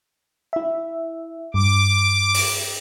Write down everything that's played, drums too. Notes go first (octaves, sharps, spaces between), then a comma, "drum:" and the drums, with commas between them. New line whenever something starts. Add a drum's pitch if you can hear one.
E4 E5
G2 D6
drum: open hi-hat